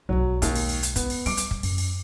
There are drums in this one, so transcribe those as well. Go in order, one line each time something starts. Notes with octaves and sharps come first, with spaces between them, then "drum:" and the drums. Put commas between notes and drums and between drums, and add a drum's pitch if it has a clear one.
B1 F#3 G#3
D#2, drum: kick, hi-hat
drum: open hi-hat
drum: open hi-hat
drum: hi-hat
B3, drum: kick, hi-hat
drum: open hi-hat
G3 D6 D7, drum: open hi-hat
drum: hi-hat
drum: kick
F#2, drum: open hi-hat
drum: open hi-hat